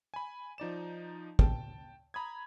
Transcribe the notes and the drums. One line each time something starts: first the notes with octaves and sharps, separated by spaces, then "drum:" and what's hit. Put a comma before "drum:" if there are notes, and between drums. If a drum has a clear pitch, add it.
G#5 B5
F3 D#4 D5 E7
G5 A5, drum: kick
A#5 B5 D#6 G#6